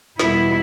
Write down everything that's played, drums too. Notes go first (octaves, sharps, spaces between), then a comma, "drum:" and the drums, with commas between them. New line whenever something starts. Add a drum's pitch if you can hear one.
E2 B2 G3 B3 E4, drum: snare